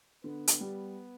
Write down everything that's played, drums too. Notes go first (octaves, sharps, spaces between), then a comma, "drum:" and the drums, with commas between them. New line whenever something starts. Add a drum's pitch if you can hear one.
D3 B3
drum: hi-hat
G3